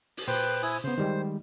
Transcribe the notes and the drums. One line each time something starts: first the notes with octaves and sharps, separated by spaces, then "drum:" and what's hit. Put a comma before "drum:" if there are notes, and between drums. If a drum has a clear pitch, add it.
drum: open hi-hat
A#2 B4 C5 G5 F#6
E4 G#5 D#6
C#3 B3 C5
D#3 G3 G#3